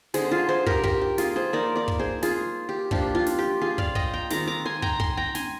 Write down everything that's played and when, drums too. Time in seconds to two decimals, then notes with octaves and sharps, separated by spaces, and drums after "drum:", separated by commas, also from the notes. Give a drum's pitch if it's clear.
0.14 D3 G#3 D#4 G#4 C5, drum: snare
0.31 F4 G#4
0.48 G#4 C5
0.66 G4 A#4, drum: kick
0.83 G4 A#4, drum: kick
1.01 G4
1.18 F4 G#4, drum: snare
1.36 G#4 C5
1.52 F3 A#3 D#4 A#4 D5
1.76 A#4 D5
1.88 drum: kick
1.99 G#4 C5
2.23 F4 G#4, drum: snare
2.69 G4
2.91 F3 A#3 D4 F4 G4, drum: kick
3.15 F4
3.26 drum: snare
3.39 G4
3.61 F4 G#4
3.78 D5 F5, drum: kick
3.95 D#5 G5, drum: kick
4.13 G5 A#5
4.30 D#3 G#3 C4 F4 A#5 D6, drum: snare
4.47 A#5 D6
4.65 G#5 C6
4.82 G5 A#5, drum: kick
5.00 G#5 C6, drum: kick
5.17 G5 A#5
5.35 G#5 C6, drum: snare